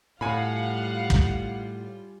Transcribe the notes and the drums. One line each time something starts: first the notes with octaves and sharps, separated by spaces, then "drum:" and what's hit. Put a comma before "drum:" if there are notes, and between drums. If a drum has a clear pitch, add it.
A2 G3 F4 F5 F#5 G#5 B5
drum: kick